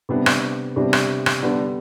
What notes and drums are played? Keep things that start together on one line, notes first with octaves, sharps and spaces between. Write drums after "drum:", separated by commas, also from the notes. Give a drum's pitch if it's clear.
C3 G3 B3 D4
drum: rim click
C3 G3 B3 D4
drum: rim click
drum: rim click
D3 G3 B3 D4